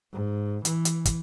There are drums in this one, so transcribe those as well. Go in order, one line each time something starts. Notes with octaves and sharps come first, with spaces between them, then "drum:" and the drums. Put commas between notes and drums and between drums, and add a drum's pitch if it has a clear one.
G#2
E3, drum: hi-hat
drum: hi-hat
drum: kick, hi-hat